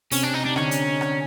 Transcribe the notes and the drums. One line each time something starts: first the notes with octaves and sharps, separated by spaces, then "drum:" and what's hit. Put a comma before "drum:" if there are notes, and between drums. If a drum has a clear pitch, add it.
C3 C4 C#4, drum: open hi-hat
D4
D#4
D4
D#4
D3 C#4 D4, drum: rim click
drum: hi-hat
drum: rim click